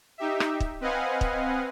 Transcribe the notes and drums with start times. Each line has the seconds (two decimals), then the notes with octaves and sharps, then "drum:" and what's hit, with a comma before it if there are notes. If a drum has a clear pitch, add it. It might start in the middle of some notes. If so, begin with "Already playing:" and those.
0.18 D#4 G4 E5
0.40 drum: rim click
0.60 drum: kick
0.81 C4 B4 D#5 F5 F#5 G#5
1.21 drum: kick